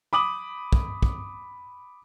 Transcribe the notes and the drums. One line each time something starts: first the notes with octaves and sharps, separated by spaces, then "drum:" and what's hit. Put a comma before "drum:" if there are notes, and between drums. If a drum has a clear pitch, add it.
B5 D6 D#6 F#7
drum: kick
drum: kick